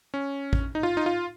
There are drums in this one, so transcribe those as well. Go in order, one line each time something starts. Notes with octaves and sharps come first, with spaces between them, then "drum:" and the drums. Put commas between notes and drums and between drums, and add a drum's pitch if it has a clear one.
C#4
drum: kick A1
D#4
F4
D#4
F4